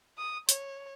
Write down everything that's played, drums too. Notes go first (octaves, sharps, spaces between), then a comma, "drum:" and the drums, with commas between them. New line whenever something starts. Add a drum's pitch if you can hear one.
D#6
C#5, drum: hi-hat